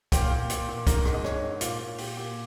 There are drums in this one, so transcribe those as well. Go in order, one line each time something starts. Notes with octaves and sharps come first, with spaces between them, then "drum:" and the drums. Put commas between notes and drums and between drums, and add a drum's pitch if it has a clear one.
A#2 G5, drum: kick, hi-hat
F5
A#2 G5
A#2, drum: hi-hat
A#2
G#2 A#4, drum: kick, hi-hat
G#3, drum: rim click
D#5
G#2 C#5, drum: rim click
G#2
A#2 F4, drum: hi-hat
A#2
A#2 G4, drum: open hi-hat
A#2